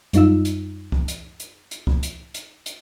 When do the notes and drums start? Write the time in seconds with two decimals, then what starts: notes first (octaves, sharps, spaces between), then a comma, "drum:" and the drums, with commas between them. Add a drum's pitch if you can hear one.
0.13 F#2 G3 D#4 F4 E6, drum: hi-hat
0.45 drum: hi-hat
0.92 drum: kick C2
1.08 drum: hi-hat
1.40 drum: hi-hat
1.71 drum: hi-hat
1.87 drum: kick C2
2.03 drum: hi-hat
2.34 drum: hi-hat
2.66 drum: hi-hat